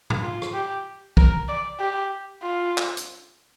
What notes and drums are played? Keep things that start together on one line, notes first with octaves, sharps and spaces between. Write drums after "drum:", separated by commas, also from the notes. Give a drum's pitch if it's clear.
drum: tom
F4
drum: rim click
G4
A#4, drum: kick
D5
G4
F4
drum: clap
drum: hi-hat